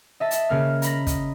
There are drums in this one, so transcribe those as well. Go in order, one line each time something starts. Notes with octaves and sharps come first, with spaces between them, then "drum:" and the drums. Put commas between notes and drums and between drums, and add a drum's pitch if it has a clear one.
D#5 E5 A5
drum: hi-hat
C#3 A#3 F6
A#5 B5 A#6, drum: hi-hat
D#5, drum: kick, hi-hat